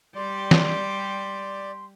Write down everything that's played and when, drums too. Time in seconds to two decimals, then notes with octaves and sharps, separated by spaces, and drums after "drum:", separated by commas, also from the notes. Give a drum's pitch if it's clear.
0.15 G3 G4 D5 C6
0.51 drum: snare E3